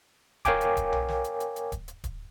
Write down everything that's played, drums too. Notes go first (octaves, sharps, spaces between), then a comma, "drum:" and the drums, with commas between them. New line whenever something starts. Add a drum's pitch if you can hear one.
A#4 C#5 F5 G5 G#5 D6, drum: kick D1, hi-hat
drum: hi-hat
drum: kick D1, hi-hat
drum: tom B1
drum: snare
drum: hi-hat
drum: hi-hat
drum: hi-hat
drum: kick D1, hi-hat
drum: hi-hat
drum: kick D1, hi-hat